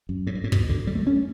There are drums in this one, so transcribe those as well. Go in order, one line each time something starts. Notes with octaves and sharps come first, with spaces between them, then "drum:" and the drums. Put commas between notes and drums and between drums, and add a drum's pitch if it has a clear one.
F#2
A2
G2
A2
B2, drum: kick
D3
G3
A3
C#4